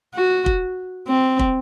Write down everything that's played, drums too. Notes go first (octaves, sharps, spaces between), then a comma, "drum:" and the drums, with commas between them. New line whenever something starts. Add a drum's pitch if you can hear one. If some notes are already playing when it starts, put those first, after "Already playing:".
F#4
drum: kick
C4
drum: kick